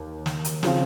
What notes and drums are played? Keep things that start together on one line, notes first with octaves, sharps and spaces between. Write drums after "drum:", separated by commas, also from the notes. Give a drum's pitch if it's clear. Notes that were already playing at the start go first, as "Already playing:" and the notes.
Already playing: D#2
drum: snare
drum: hi-hat
C#3 F3 C4 F4, drum: snare